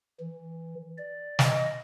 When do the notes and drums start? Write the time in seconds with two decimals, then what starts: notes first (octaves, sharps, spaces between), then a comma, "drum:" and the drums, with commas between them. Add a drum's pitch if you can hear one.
0.20 E3
0.98 D5
1.39 D#5, drum: snare